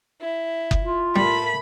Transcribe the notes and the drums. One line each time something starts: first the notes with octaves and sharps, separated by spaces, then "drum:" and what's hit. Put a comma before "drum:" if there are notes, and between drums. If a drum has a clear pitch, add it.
E4
drum: kick F#1
F4
A2 G3 A3 A#3 B5